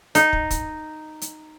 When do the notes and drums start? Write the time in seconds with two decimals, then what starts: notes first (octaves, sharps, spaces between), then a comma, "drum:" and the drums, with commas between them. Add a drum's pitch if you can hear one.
0.15 D#4, drum: hi-hat
0.33 drum: kick
0.51 drum: kick, hi-hat
1.21 drum: hi-hat